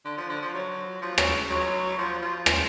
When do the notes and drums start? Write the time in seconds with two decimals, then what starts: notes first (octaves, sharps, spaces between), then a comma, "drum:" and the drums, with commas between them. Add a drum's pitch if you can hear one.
0.05 D3
0.17 F3
0.29 D3
0.42 F3
0.54 F#3
1.02 F3
1.18 F#3, drum: rim click
1.50 F#3
1.98 F3
2.22 F3
2.46 F#3, drum: rim click